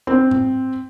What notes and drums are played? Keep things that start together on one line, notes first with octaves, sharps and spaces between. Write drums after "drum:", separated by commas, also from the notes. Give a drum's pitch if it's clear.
C4
drum: tom G#2